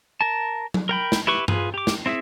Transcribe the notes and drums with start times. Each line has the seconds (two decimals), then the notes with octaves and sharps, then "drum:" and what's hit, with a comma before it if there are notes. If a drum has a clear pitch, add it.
0.21 A#4 A5
0.74 drum: tom F#3
0.89 A#4 G5 B5
1.12 drum: snare
1.27 E4 G4 B4 C#6
1.48 F4 G#4 B4, drum: tom G2
1.74 G4 D6
1.87 drum: snare
2.06 C4 E4 G#4 E5